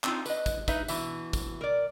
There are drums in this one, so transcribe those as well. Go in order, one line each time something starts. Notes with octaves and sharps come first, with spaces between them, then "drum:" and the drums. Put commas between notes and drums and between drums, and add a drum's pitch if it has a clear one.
C4 D#4 F4, drum: clap
B4 D#5, drum: tambourine
drum: kick, tambourine
D#4 B4 E5, drum: kick, tambourine
B2 E3 E5, drum: tambourine
drum: kick, tambourine
A#4 D5